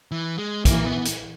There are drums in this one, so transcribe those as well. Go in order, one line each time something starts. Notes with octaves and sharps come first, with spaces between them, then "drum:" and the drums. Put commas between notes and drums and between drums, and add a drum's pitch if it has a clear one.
E3
G#3
E3 A#3, drum: kick, hi-hat
B3
drum: hi-hat